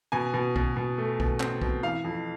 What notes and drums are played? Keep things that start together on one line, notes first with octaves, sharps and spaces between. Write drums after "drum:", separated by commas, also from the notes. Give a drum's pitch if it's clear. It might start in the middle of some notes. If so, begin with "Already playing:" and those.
B2 G#5
B2
B2, drum: kick
B2
A3
B2, drum: kick
C4, drum: clap
B2, drum: kick
E3 F5
F2